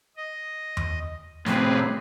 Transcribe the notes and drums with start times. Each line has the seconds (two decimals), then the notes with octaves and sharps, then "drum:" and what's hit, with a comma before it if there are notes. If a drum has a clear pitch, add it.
0.17 D#5
0.77 drum: tom E2
1.46 A2 C3 C4 G#4 B4, drum: snare